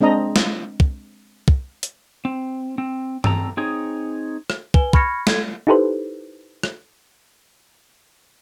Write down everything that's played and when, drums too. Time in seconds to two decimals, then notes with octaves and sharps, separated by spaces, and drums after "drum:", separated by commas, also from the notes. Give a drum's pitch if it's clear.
0.01 G#3 C4 D4 D#5 A#5
0.36 drum: snare
0.80 drum: kick
1.48 drum: kick
1.83 drum: hi-hat
2.25 C4
2.78 C4
3.24 C4 A4 A#5, drum: tom G2
3.57 C4 D#4 G#4 C#5
4.50 drum: rim click
4.74 B4 G#5 G7, drum: kick
4.93 B5 C#6 F6 G#6 A#6 C#7, drum: kick
5.27 A4 G#6, drum: snare
5.67 D#4 E4 G4 A4 B4 C5
6.63 drum: rim click